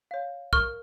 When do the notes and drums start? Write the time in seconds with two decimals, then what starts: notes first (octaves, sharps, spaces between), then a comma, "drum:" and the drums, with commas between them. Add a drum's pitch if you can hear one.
0.11 C#5 F5
0.53 A#4 C#6 F6, drum: kick